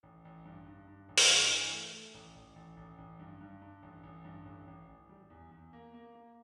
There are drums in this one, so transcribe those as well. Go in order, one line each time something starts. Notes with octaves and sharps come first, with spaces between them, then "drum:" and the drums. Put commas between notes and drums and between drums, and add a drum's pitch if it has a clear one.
A1
A1
G2
G2
G2
A1
drum: open hi-hat
G2
E3
A3
A3
A1
A1
A1
A1
A1
G2
G2
G2
A1
A1
G2
A1
A1
A1
G3
E2
E2
A#3
A#3
A#3